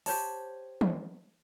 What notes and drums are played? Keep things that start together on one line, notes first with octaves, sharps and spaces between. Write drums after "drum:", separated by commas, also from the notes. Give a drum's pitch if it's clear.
G4 C5 C#5 A5, drum: open hi-hat
drum: tom